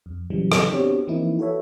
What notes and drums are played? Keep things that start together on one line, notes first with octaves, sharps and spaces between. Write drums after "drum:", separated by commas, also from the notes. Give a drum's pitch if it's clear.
F2
A#2 C#3 E3 F#3 G3
drum: rim click
B3 C4 D4 F#4 G4 C#5
E3 F3 A#3 C4 D#4 E4
F#4 A4 B4 C#5 E5